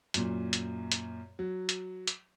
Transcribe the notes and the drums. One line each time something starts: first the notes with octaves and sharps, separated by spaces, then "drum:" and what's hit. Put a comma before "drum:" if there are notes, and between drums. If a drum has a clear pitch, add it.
F#2 A#2, drum: hi-hat
drum: hi-hat
drum: hi-hat
F#3
drum: hi-hat
drum: hi-hat